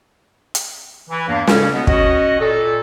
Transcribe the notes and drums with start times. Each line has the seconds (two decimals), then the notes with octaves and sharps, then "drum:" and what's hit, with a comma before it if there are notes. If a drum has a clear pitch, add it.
0.55 drum: hi-hat
1.10 E3
1.28 E2 G2 A#3
1.47 G#2 C#3 C#4, drum: snare
1.72 B2 B3
1.87 C#4 F#4 D#5, drum: kick
2.40 A#2 A4